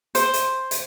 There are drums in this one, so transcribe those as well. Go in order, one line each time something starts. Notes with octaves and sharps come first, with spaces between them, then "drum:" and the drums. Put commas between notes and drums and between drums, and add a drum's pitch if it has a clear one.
C5, drum: hi-hat
drum: hi-hat
drum: hi-hat